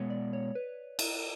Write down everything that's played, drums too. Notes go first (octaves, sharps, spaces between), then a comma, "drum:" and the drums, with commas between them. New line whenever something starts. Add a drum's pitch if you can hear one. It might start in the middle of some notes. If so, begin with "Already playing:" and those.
Already playing: B2 G#3 B3 C#5
D5
C#5
B4
drum: cymbal